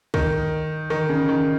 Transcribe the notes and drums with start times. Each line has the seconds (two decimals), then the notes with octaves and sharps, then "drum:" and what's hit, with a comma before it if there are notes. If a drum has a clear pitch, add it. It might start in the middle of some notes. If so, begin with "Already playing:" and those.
0.14 D#3, drum: kick
0.90 D#3
1.09 C#3
1.29 D#3